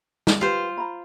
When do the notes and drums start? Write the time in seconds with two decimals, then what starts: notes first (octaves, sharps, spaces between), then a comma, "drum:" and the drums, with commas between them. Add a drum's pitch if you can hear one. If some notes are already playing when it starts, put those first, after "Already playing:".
0.27 drum: snare
0.41 F4 G4 B4 C5 F5
0.77 A#5 B5